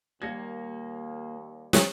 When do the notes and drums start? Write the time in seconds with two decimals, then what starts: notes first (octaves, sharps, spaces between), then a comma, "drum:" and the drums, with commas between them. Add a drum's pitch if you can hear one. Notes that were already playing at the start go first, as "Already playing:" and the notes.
0.22 D#2 G3 A#3 G#6 A#6 C#7
1.73 drum: snare